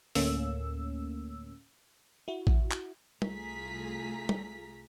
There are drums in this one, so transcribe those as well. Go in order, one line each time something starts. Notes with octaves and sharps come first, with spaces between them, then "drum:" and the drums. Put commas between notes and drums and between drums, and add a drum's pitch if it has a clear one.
D2 A2 A3 A#3 C#4 E6, drum: open hi-hat
E4 F#4
drum: kick
drum: clap
C2 A3 F4 G#4 A#5 B6, drum: tom G3
drum: tom G3